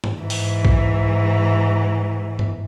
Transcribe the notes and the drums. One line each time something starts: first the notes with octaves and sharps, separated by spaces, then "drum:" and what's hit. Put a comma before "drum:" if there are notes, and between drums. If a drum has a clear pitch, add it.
drum: tom G2
G#2 E3
drum: open hi-hat
drum: kick B1
drum: tom G2